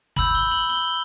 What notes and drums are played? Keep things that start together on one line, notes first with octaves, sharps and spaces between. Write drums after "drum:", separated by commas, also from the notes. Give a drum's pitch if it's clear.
B5 E6 G6 F#7, drum: kick
G7
F#7
G7